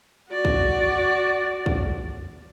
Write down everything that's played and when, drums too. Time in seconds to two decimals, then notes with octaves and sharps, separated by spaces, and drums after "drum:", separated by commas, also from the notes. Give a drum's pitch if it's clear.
0.30 F#4 D5
0.45 drum: kick
1.66 drum: kick